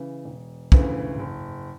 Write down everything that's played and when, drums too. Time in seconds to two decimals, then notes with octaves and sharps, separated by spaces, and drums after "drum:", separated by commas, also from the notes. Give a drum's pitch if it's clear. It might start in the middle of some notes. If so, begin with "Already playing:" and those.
Already playing: C#3 E3
0.25 E1
0.72 D2 C#3 E3, drum: kick
1.19 F#1